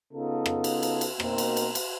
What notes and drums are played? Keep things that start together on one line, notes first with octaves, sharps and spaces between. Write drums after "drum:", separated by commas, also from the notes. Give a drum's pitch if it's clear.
C#3 B3 D#4 F4 A4
drum: rim click
drum: cymbal
drum: cymbal
drum: cymbal
B2 A#3 C4 D#4 A#4 C5, drum: rim click
drum: cymbal
drum: cymbal
drum: cymbal